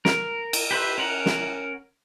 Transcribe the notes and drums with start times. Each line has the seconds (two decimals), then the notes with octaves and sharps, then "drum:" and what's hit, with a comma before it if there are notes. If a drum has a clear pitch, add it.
0.05 A#4, drum: snare
0.53 drum: cymbal
0.71 G4 B4 C5 E5
0.98 C#4 A#4 F#5
1.26 drum: snare